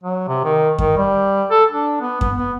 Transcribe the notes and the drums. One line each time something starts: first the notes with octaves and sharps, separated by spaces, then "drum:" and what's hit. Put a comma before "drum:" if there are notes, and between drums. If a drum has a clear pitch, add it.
F#3
C3
D#3
D#3, drum: kick F#2
G3
A4
D4
B3
B3, drum: kick F#2
B3